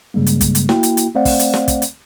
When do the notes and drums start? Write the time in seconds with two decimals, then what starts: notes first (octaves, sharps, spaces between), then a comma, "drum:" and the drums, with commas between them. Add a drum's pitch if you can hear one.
0.14 G2 C#3 G3 G#3 A#3
0.26 drum: hi-hat
0.41 drum: kick, hi-hat
0.55 drum: hi-hat
0.69 A#3 E4 F#4 G5, drum: snare
0.83 drum: hi-hat
0.97 drum: hi-hat
1.15 A3 C4 C5 D5 F5 F#5
1.25 drum: kick, open hi-hat
1.39 drum: hi-hat
1.54 drum: snare
1.68 drum: kick, hi-hat
1.82 drum: hi-hat